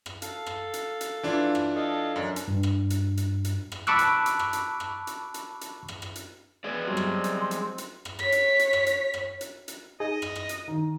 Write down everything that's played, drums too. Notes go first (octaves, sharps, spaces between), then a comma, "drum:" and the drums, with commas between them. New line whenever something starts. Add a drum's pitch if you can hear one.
drum: rim click
A4 F5, drum: hi-hat
drum: rim click
drum: hi-hat
drum: hi-hat
E3 D4 F4
drum: rim click
A4 D#5 F5
F#2 D4
drum: hi-hat
G2
drum: rim click
drum: hi-hat
drum: hi-hat
drum: hi-hat
drum: rim click
A5 B5 C#6 D6 E6 F#6, drum: rim click
drum: hi-hat
drum: hi-hat
drum: rim click
drum: hi-hat
drum: rim click
drum: hi-hat
drum: hi-hat
drum: hi-hat
drum: rim click
drum: rim click
drum: hi-hat
G#3 G#4 B4 D5
F#3 G3 C4
drum: rim click
drum: hi-hat
drum: hi-hat
drum: hi-hat
drum: rim click
C#5 B6, drum: rim click
drum: hi-hat
drum: hi-hat
drum: rim click
drum: hi-hat
drum: rim click
drum: hi-hat
drum: hi-hat
D#4 G#4 D#5
drum: rim click
drum: rim click
drum: hi-hat
D#3